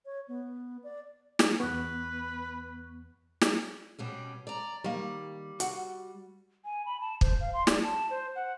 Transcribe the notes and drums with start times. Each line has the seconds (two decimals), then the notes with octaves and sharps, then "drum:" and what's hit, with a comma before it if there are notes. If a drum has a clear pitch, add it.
0.05 C#5
0.28 B3
0.84 D5
1.39 drum: snare
1.60 E2 B3 B4 C#6 F#6
3.42 drum: snare
3.99 B2 G3 C#4
4.47 D5 A#5
4.84 D#3 G3 A#3
5.60 F#4 F#5, drum: hi-hat
6.65 G#5
6.86 B5
7.01 A5
7.21 C5, drum: kick
7.40 F5
7.54 C6
7.67 D5, drum: snare
7.83 A5
8.10 C5
8.36 F#5